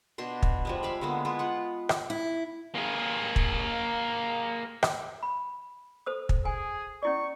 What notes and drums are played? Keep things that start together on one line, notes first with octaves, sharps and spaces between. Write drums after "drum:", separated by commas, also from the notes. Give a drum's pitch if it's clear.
B2 D4 C6
drum: kick
F3 G3 G#3
E5 F5 B5 D6
D3 G#3 A#3 B3
G#3 B3 E4 F4
F4 F#5
drum: rim click
E4
A#3 G#4
drum: kick
drum: rim click
B5
A4 C5 D#6
drum: kick
G#4 G#5
C#4 E4 D5 C#6